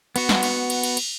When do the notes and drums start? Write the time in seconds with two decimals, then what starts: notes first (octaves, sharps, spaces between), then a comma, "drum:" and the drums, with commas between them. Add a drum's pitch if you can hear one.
0.16 B3 F#4, drum: cymbal
0.29 drum: snare
0.43 drum: cymbal
0.70 drum: cymbal
0.83 drum: cymbal
0.97 drum: cymbal